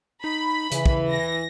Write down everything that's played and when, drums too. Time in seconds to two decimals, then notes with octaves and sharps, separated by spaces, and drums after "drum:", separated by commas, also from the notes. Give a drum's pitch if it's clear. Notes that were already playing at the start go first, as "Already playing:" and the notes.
0.24 D#4 B5
0.72 C#3 E3, drum: hi-hat
0.86 drum: kick
1.12 A#6